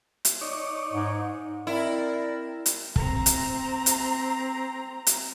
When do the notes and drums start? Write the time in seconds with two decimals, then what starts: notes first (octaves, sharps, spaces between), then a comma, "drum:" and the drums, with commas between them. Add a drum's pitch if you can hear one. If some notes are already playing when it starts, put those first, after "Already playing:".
0.25 drum: hi-hat
0.41 D#4 C#5 D5
0.93 G#2
1.67 C4 E4 A#4 D5
2.66 drum: hi-hat
2.96 C4 A#5, drum: kick
3.26 drum: hi-hat
3.86 drum: hi-hat
5.07 drum: hi-hat